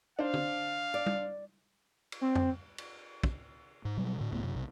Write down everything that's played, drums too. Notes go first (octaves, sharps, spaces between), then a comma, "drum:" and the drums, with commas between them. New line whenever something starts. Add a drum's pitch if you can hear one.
D4 C5 F5
drum: tom
D5
drum: tom G3
drum: cymbal
C4
drum: tom F2
drum: cymbal
drum: kick
G#2
B2 F#3 G3
A2 D3
E1 C#2 A2 B3
F#2 C3
B1 C3